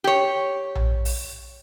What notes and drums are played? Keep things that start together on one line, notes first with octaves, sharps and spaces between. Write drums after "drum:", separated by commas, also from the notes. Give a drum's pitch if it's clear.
G4 C#5
drum: tom A#1
drum: open hi-hat